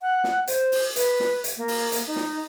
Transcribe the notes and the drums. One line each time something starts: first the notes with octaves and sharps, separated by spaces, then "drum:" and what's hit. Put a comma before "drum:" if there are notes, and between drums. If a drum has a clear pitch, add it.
F#5
drum: snare
C5, drum: hi-hat
drum: open hi-hat
B4, drum: hi-hat
drum: snare
drum: hi-hat
A#3
drum: open hi-hat
drum: hi-hat
D#4
drum: snare